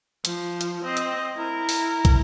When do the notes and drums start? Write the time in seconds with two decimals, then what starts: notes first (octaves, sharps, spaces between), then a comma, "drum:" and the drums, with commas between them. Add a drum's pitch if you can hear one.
0.25 F3, drum: hi-hat
0.61 drum: hi-hat
0.84 C4 D#5
0.97 drum: hi-hat
1.36 E4 A#4
1.69 drum: open hi-hat
2.05 drum: kick, hi-hat